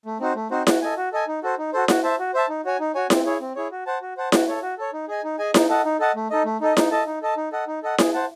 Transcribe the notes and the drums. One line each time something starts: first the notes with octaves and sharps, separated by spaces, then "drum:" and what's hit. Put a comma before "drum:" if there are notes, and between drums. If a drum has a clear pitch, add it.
A3
C4 D#4 F#4 C5
A3
C4 D#4 F#4 C5
F#4, drum: snare E4
A4 D#5 G#5
F#4
A4 D#5 G#5
D#4
F#4 A4 C5
D#4
F#4 A4 C5
F#4, drum: snare E4
C5 E5 A5
F#4
C5 E5 A5
D#4
F#4 C#5 G#5
D#4
F#4 C#5 G#5
C4, drum: snare E4
E4 G#4 C#5
C4
E4 G#4 C#5
F#4
C5 F#5 A5
F#4
C5 F#5 A5
F#4, drum: snare E4
A4 C#5
F#4
A4 C#5
D#4
G#4 D#5 G#5
D#4
G#4 D#5 G#5
D#4, drum: snare E4
A4 D#5 F#5 A5
D#4
A4 D#5 F#5 A5
A3
D#4 A4 D#5
A3
D#4 A4 D#5
D#4, drum: snare E4
A4 D#5 A5
D#4
A4 D#5 A5
D#4
A4 D#5 F#5
D#4
A4 D#5 F#5
G#4, drum: snare E4
C5 F#5 A5